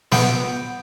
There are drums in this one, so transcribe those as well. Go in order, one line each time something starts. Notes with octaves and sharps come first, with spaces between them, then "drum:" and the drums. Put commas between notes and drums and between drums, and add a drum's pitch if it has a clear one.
B3 G5, drum: snare